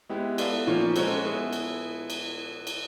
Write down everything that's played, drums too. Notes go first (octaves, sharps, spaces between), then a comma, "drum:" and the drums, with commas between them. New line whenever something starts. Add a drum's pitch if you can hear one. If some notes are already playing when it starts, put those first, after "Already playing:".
G#3 B3 E4 G4
B3 E4 A4 D5 F5, drum: cymbal
A#2 F3 A#3 C#4
G#3 C#4 F#4 A4 C5, drum: cymbal
B3 E4 G#4
drum: cymbal
drum: cymbal
drum: cymbal